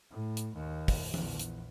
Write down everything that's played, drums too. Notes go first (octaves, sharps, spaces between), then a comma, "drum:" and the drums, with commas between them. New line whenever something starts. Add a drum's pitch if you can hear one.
A2
drum: hi-hat
D#2
drum: kick, open hi-hat
A#1 E2, drum: tom E3
drum: hi-hat